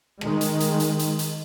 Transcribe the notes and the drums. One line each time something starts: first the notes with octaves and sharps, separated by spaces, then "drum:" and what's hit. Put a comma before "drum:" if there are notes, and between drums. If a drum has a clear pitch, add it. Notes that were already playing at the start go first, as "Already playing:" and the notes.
D#3 G#3, drum: rim click
drum: hi-hat
drum: hi-hat
drum: hi-hat
drum: hi-hat
drum: hi-hat